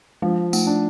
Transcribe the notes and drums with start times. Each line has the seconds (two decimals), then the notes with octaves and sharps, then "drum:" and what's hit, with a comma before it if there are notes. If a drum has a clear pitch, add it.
0.22 F3 G#3
0.53 A3, drum: tambourine
0.67 D4